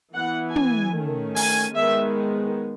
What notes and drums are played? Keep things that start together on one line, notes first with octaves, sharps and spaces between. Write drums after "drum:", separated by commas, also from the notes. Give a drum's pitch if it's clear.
E3 B3 F#5
G#5, drum: tom
D#3 A3 C#4
G#5, drum: open hi-hat
D#3 G#3 B3 E5